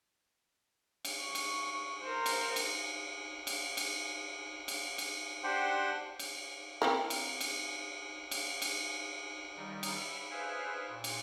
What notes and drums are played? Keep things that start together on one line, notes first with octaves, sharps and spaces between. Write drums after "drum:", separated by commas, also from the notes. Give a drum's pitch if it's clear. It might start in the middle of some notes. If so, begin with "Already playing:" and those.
drum: cymbal
C#6
drum: cymbal
A#4 C5
drum: cymbal
drum: cymbal
drum: cymbal
drum: cymbal
drum: cymbal
drum: cymbal
D4 G4 C5 F#5 G5 C6
drum: cymbal
C4 E4 A#4
drum: cymbal
drum: cymbal
drum: cymbal
drum: cymbal
D#3 G3 D#4
drum: cymbal
E5 B5
G#4 B4 C5 E5 F5 G#5
A#2
drum: cymbal